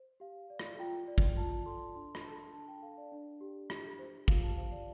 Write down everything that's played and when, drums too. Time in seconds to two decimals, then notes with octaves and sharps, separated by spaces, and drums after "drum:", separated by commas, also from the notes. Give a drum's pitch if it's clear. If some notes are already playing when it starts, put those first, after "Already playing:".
Already playing: C5
0.20 G4 F5
0.50 D5
0.59 drum: rim click
0.79 F4 G5
1.08 D5
1.18 drum: kick
1.37 F4 A5
1.66 A4 C6
1.95 D4 C6
2.15 drum: rim click
2.24 A4 A5
2.54 D4 A5
2.68 G5
2.82 A4 F5
2.98 D5
3.12 D4
3.41 G4
3.70 G4, drum: rim click
3.99 C5
4.28 F4 F5, drum: kick
4.43 A5
4.57 C5 F5
4.72 D5